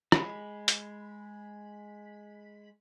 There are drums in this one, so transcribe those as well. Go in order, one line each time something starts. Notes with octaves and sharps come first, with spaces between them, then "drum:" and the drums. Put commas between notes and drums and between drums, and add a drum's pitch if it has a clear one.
G#3 B5, drum: rim click
drum: hi-hat